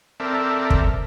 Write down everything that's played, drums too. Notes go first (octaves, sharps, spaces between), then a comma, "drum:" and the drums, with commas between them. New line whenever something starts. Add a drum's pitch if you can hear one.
C4 A4 A#4 D5 E5
drum: kick